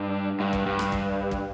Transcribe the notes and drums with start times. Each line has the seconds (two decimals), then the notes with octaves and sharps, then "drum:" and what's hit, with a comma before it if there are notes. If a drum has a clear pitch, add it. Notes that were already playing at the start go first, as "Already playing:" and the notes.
Already playing: G2
0.40 G2
0.53 drum: kick
0.66 G2
0.79 drum: rim click
0.92 drum: kick
1.31 drum: kick